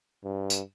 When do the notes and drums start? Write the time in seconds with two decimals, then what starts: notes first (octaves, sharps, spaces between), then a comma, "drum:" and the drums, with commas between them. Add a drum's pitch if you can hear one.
0.24 G2
0.50 drum: tambourine